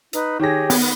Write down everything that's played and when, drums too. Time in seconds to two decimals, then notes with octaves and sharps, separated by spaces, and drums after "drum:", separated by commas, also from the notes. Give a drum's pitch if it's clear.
0.13 D#4 B4, drum: hi-hat
0.40 D#3 G4 G#4 C#5 A#6
0.70 B3, drum: open hi-hat